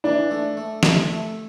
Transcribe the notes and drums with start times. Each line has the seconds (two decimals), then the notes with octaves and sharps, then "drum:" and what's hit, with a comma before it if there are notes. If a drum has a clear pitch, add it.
0.04 E3 D4
0.31 A3
0.57 A3
0.83 A3, drum: snare
1.09 A3